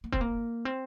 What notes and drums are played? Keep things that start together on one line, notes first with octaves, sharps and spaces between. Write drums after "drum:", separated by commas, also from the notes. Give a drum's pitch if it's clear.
A#3
C4, drum: kick
A#3
C4